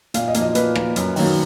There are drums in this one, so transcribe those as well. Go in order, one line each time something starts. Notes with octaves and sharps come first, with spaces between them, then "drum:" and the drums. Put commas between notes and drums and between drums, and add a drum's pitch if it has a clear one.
A#2 F5, drum: hi-hat
D#5
A#3, drum: hi-hat
F3 D#5
A#2 B4, drum: hi-hat
F3 A#3, drum: rim click
F#2, drum: hi-hat
D#3 F#3 A#3, drum: open hi-hat